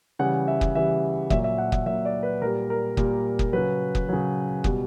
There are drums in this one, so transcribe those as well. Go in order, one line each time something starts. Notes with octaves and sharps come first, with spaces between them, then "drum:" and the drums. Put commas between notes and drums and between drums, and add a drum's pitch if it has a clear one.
C#3 E3 G3 F#5
E5
drum: kick
C#3 E3 G3 E5
A#2 F#3 E5, drum: kick
E5
F#5
E5, drum: kick
A#2 F#3 E5
D5
B4
A#2 G3 A#4
A#4
A#2 G3, drum: kick
drum: kick
C#3 F#3 B4
drum: kick
C#3 F#3
B2 G3, drum: kick